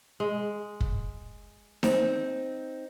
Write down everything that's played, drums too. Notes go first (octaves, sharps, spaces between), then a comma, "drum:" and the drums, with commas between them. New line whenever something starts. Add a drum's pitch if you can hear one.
G#3
drum: kick
C4 D#4, drum: snare D#4